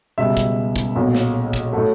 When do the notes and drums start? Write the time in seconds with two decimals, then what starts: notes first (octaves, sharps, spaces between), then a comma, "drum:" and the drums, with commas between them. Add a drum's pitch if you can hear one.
0.18 C#2 B2 G3 E5
0.37 drum: kick
0.76 drum: kick
0.95 B1 A#2 F#3
1.15 drum: snare
1.53 drum: kick
1.73 A2 F#3 A3